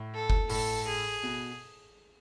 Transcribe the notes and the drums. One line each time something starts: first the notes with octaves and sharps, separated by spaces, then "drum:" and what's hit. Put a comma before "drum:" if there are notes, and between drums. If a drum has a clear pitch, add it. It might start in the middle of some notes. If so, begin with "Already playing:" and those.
Already playing: A2
A4
drum: kick F#1
A2 A4, drum: open hi-hat
G#4
B2